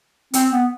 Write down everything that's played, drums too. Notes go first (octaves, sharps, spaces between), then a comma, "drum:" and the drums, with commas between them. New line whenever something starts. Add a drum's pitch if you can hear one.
C4, drum: hi-hat
B3